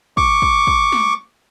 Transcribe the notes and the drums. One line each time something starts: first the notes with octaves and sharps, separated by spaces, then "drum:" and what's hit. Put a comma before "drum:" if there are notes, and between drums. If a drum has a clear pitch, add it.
C#6 D6, drum: kick
drum: kick
drum: kick
drum: snare